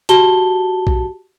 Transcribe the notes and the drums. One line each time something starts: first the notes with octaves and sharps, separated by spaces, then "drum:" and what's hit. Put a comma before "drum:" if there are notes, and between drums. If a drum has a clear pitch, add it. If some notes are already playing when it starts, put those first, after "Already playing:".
F#4 G4 A5 G7, drum: hi-hat
drum: kick B1